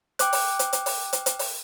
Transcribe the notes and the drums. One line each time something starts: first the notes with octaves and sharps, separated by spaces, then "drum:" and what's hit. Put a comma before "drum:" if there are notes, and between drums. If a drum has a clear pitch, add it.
G5 D6 F#6, drum: hi-hat
drum: open hi-hat
drum: hi-hat
drum: hi-hat
drum: open hi-hat
drum: hi-hat
drum: hi-hat
drum: open hi-hat